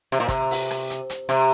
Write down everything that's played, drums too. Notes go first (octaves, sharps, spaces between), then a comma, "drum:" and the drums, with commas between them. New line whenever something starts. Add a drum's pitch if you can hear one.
C3, drum: hi-hat
A#2
C3, drum: kick, hi-hat
drum: open hi-hat
drum: rim click
drum: hi-hat
drum: hi-hat
C3, drum: hi-hat